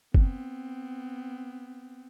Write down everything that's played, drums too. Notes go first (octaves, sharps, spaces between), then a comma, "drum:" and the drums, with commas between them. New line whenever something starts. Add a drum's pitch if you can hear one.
B3 C4, drum: kick